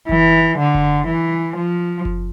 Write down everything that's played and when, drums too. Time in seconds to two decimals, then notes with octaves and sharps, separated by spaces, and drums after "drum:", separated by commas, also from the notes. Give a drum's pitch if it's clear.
0.09 E3, drum: kick F#1
0.59 D3
0.74 drum: kick F#1
1.07 E3
1.56 F3
2.05 drum: kick F#1